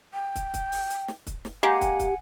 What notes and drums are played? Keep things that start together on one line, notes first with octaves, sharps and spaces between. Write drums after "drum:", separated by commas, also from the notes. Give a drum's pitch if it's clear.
G5
drum: kick, hi-hat
drum: kick, hi-hat
drum: open hi-hat
drum: hi-hat
drum: snare
drum: kick, hi-hat
drum: snare
G#3 A#3 G4 F#5 G#5
drum: kick, hi-hat
drum: kick, hi-hat